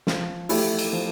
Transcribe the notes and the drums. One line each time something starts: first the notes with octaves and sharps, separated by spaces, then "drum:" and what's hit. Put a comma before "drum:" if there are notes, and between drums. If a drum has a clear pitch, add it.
F3, drum: snare
A3 E4 G4, drum: open hi-hat
drum: cymbal
F3